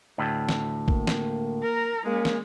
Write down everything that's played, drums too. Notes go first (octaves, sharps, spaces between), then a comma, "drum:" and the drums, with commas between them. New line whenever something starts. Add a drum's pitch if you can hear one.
D2 A2
drum: snare
A#3, drum: kick
drum: snare
A#4 A#5
G#3 A#3 C#4
drum: snare